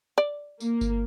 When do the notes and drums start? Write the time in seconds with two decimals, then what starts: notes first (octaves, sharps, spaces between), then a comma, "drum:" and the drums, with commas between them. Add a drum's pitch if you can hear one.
0.18 D5
0.60 A#3, drum: tambourine
0.81 drum: kick G1, tambourine